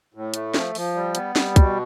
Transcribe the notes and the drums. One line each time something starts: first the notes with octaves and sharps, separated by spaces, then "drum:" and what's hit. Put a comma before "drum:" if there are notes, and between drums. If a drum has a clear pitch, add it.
A2
A3, drum: hi-hat
F3, drum: snare
F3, drum: open hi-hat
G3
B3, drum: hi-hat
G3, drum: snare
B2, drum: kick, hi-hat